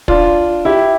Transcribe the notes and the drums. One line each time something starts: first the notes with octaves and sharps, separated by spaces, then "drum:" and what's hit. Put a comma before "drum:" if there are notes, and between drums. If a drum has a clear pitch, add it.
D4 F4, drum: kick
E4 G4